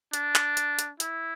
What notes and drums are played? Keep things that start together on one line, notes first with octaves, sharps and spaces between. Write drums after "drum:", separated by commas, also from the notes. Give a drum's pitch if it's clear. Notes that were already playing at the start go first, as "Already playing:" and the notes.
D4, drum: hi-hat
drum: clap
drum: hi-hat
drum: hi-hat
E4, drum: hi-hat